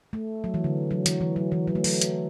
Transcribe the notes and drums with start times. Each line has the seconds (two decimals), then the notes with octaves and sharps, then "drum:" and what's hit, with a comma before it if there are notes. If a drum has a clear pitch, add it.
0.13 A3
0.44 F#3
0.54 E3
0.64 D3
0.91 F#3
1.06 E3, drum: hi-hat
1.21 E3
1.36 F#3
1.52 E3
1.67 F#3
1.75 A3
1.84 F#3, drum: open hi-hat
2.01 drum: hi-hat